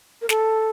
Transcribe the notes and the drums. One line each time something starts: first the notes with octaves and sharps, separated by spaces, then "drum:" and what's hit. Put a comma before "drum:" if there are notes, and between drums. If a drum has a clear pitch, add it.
A#4
A4, drum: snare